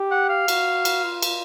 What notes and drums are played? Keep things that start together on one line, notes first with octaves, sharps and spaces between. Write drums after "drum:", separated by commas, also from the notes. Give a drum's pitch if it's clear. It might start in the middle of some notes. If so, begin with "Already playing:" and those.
Already playing: G4
F#5
F5
F#4, drum: cymbal
drum: cymbal
F4
drum: cymbal